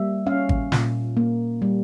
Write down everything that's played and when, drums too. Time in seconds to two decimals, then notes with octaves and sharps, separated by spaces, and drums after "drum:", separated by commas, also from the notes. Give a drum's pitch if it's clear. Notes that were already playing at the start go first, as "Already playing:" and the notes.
Already playing: G3 A#3 E5
0.26 C#4 F5
0.49 drum: kick G#1
0.72 A#2, drum: snare
1.17 A#3
1.62 G3